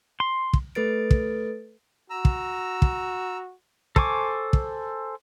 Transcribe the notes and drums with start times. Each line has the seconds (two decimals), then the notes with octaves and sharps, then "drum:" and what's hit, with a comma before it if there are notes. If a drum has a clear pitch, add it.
0.20 C6
0.53 drum: kick
0.75 A3 A4 B4 A6 D7
1.11 drum: kick
2.10 F#4 A#5 E6
2.25 drum: kick
2.82 drum: kick
3.96 A4 C5 G#5 C#6 D6, drum: kick
4.53 drum: kick